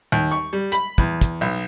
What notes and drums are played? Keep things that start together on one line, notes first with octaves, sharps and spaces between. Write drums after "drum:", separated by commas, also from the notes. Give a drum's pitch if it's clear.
D#2
C#6
G3
B5, drum: hi-hat
E2, drum: kick
drum: kick, hi-hat
B1